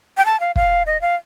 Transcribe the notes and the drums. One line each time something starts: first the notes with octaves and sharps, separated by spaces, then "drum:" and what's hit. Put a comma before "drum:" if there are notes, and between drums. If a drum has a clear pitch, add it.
G5
A5
F5
F5, drum: kick
D#5
F5